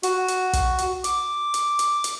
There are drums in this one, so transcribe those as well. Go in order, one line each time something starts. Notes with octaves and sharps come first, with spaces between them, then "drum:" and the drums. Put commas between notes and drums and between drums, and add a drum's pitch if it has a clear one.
F#4, drum: hi-hat
drum: hi-hat
drum: kick, hi-hat
drum: hi-hat
D6, drum: hi-hat
drum: hi-hat
drum: hi-hat
drum: hi-hat